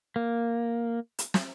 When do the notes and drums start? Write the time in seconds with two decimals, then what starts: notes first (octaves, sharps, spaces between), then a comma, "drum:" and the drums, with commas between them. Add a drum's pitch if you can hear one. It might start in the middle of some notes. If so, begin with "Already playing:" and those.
0.16 A#3
1.19 drum: hi-hat
1.34 drum: snare